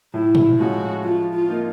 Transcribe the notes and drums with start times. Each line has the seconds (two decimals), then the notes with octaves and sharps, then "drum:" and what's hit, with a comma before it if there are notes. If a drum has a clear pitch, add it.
0.14 A2 E4
0.35 drum: tom A#2
0.59 F3 G#3 C#4 F#4
1.04 F3 F4
1.34 F4
1.49 A#3 D#4